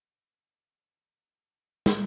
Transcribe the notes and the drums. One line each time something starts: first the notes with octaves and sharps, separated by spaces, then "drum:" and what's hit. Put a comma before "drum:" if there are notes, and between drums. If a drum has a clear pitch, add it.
D3 D#3 G#3 A#5
drum: snare